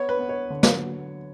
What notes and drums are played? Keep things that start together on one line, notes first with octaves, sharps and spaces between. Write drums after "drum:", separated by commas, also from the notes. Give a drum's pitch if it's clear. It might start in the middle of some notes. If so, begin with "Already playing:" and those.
Already playing: B3 C#5
B4
B3
C#5
D3
drum: snare
F#3